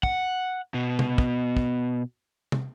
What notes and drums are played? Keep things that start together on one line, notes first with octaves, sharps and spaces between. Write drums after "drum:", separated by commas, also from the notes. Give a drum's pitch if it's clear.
F#5, drum: kick
B2
drum: tom
drum: kick
drum: kick
drum: tom